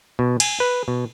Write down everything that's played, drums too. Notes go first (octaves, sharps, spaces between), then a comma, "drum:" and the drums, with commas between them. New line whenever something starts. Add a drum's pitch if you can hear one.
B2
G#5, drum: cymbal
B4
B2